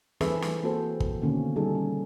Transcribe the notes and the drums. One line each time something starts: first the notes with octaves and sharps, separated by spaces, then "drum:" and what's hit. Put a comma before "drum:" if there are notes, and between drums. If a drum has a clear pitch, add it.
E3 C4 G#4 A4 B4 E5, drum: snare
drum: snare
A#3 C4 F#4 A4 C5
drum: kick
B2 D3 D#3 A#3 C#4
G3 D#4 G#4 A4
C#4